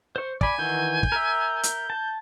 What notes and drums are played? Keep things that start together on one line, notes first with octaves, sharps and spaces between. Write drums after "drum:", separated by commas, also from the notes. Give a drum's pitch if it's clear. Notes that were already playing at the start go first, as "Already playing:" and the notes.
C5 C#6
D5 G#5 B5, drum: kick
D#3 E3 F#4 G6
drum: kick
A#4 E5
drum: hi-hat
A5